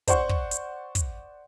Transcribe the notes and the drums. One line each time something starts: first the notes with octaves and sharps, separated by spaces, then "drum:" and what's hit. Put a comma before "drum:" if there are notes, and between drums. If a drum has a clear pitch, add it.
C5 D5 F#5 C#6, drum: kick, hi-hat
drum: kick
drum: hi-hat
drum: kick, hi-hat